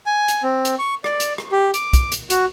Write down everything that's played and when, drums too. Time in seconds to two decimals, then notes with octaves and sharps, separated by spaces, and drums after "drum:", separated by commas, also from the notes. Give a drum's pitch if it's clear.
0.06 G#5
0.28 drum: hi-hat
0.43 C4
0.65 drum: hi-hat
0.79 C#6
1.04 D5, drum: rim click
1.20 drum: hi-hat
1.38 drum: rim click
1.52 G4
1.74 D6, drum: hi-hat
1.93 drum: kick, hi-hat
2.12 drum: hi-hat
2.30 F#4, drum: hi-hat